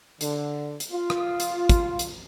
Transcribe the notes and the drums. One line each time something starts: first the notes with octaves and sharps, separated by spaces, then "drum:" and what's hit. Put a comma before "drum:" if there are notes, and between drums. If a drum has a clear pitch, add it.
D3, drum: hi-hat
drum: hi-hat
F4
drum: rim click
drum: hi-hat
drum: kick, hi-hat
drum: hi-hat